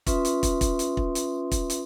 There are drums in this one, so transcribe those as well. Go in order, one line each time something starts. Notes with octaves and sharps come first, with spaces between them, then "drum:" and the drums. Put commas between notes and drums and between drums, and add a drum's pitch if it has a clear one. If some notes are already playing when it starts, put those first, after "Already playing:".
C#4 F4 B4 E5 C6 D#6, drum: kick, hi-hat
drum: hi-hat
drum: kick, hi-hat
drum: kick, hi-hat
drum: hi-hat
drum: kick
drum: hi-hat
drum: kick, hi-hat
drum: hi-hat